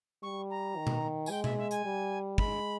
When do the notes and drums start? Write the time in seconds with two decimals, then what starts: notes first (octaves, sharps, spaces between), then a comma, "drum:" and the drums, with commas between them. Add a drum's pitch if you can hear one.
0.22 G3 C#6
0.50 A#5
0.77 D#3
0.87 drum: tom B2
1.26 G#5, drum: tambourine
1.30 G#3 G5
1.44 E5, drum: tom B2
1.58 E5
1.71 G#5, drum: hi-hat
1.85 G3
2.38 G#3 B5, drum: kick